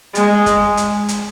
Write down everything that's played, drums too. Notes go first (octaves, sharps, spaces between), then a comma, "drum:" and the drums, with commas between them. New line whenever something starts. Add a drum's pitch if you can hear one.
G#3, drum: hi-hat
drum: kick, hi-hat
drum: hi-hat
drum: hi-hat